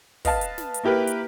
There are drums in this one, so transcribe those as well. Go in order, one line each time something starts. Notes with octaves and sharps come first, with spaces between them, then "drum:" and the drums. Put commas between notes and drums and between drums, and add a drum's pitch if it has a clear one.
B4 D#5 F5 A5, drum: kick, open hi-hat
drum: hi-hat
drum: snare
drum: hi-hat
A#3 E4 G4 A#4 B4
drum: hi-hat